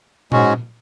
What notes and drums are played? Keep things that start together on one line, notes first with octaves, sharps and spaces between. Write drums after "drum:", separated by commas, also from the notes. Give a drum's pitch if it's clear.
G#2 G#3 C#4 F#4, drum: tom A#2